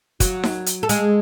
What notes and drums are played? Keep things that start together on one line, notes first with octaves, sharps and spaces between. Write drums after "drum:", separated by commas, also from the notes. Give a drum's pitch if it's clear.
F#3 F#4, drum: kick, hi-hat
drum: snare D#4
drum: hi-hat
A4
G#3 G#4, drum: hi-hat